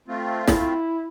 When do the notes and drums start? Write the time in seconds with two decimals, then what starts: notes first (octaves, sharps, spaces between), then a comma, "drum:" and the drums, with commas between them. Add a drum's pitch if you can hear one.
0.08 A3 C4 F4
0.48 E4, drum: snare